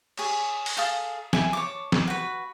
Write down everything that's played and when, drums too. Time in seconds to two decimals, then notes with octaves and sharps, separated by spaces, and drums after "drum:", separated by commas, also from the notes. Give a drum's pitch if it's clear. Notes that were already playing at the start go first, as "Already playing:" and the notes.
0.17 G#4 C#5, drum: cymbal
0.66 drum: open hi-hat
0.77 G#4 A4 F5 D#6
1.33 E5 G#5, drum: snare
1.53 C#5 A5 D6
1.92 drum: snare
2.08 F#4 B4